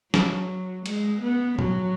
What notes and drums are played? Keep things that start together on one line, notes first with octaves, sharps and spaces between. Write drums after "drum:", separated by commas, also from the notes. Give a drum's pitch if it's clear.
F#3, drum: snare
G#3, drum: cymbal
B3
F#3, drum: tom A2